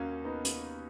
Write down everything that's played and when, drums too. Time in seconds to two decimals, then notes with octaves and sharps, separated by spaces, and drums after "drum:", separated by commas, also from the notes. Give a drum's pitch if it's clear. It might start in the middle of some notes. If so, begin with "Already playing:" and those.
Already playing: D#2 D#3 A#3 C#4 D#4 F#4
0.25 B3 D#4
0.45 drum: hi-hat